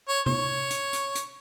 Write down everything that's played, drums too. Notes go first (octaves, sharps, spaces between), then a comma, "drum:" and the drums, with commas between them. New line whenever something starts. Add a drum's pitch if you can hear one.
C#5
C#5, drum: tom C3
drum: hi-hat
drum: hi-hat
drum: hi-hat